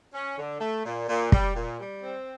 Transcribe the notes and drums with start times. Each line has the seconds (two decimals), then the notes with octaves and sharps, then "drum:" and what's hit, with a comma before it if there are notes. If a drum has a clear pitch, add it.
0.14 C#4
0.38 D3
0.61 A3
0.85 A#2
1.08 A#2
1.32 G3, drum: kick
1.55 A#2
1.80 G3
2.03 C4